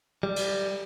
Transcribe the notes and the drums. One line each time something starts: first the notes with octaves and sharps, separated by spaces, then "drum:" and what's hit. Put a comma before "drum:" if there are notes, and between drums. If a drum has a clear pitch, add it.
G3
drum: cymbal